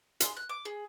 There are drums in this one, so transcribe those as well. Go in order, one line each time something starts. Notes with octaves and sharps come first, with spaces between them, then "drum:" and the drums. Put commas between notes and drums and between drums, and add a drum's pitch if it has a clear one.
G#4 C6, drum: hi-hat
F#6
D6
G#4